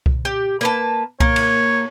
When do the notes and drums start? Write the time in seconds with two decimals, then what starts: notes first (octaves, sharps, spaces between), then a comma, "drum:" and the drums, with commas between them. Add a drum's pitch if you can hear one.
0.06 drum: kick C2
0.25 G4
0.61 A#3 B4 A5
1.20 A#3 C#5, drum: kick C2
1.36 drum: cymbal